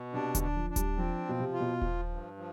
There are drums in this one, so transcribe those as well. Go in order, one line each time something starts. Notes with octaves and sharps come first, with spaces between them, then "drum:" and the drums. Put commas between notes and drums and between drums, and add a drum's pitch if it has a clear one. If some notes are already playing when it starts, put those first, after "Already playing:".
Already playing: B2
C3 D4
D3, drum: kick D#1, hi-hat
D4
F3
D4
G3, drum: kick D#1, hi-hat
F3 C4
B2 F3
C3
F4
B2
F3, drum: kick D#1
G2
F3